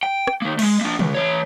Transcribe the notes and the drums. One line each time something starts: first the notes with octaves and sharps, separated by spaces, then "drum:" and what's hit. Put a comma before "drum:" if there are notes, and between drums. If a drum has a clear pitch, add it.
G5
drum: rim click
D#3 A#3
G#3 A3, drum: cymbal
A#3 D4
C#2, drum: tom
E3 C#5